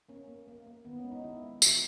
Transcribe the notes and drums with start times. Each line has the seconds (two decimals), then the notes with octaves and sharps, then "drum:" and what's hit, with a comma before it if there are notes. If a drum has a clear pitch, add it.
0.09 A#3 C#4
0.28 A#3
0.48 A#3
0.67 A#3
0.85 D#3 B3
0.99 C#4
1.04 G#3
1.11 D#4
1.24 D#3 E4
1.43 G#3
1.62 E3, drum: tambourine